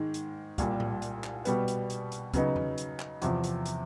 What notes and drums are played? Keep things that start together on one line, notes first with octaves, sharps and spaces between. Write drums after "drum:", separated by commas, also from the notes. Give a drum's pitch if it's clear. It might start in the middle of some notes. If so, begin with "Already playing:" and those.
Already playing: G#2 D#3 G#3
drum: hi-hat
C2 A#2 G3, drum: kick, hi-hat
drum: tom A2
drum: hi-hat
drum: clap
B2 G3 B3, drum: hi-hat
drum: hi-hat
drum: hi-hat
drum: hi-hat
C#3 F#3 B3 D#4, drum: kick, hi-hat
drum: tom
drum: hi-hat
drum: clap
E2 C3 F3, drum: hi-hat
drum: hi-hat
drum: hi-hat